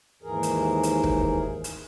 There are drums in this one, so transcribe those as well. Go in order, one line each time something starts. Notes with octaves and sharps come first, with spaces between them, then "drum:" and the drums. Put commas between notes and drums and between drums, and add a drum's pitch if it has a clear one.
D#2 G#2 E3 G#4 A#4
drum: hi-hat
drum: hi-hat
drum: kick
drum: hi-hat